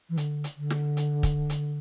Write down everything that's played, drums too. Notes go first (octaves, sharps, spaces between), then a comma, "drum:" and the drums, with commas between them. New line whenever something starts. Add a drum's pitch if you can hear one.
E3
D3, drum: hi-hat
drum: hi-hat
D3
drum: snare
drum: hi-hat
drum: kick, hi-hat
drum: hi-hat